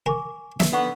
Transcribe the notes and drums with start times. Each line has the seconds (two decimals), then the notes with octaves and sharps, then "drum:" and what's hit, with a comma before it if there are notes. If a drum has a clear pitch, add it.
0.06 A#4 G#5 C#6 D6
0.60 E5, drum: snare
0.72 D3 B3 D#4 F#5 C#6